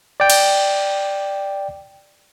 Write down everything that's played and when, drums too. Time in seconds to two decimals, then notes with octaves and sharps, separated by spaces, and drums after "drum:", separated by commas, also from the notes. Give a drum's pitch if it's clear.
0.20 D5 G5
0.30 drum: cymbal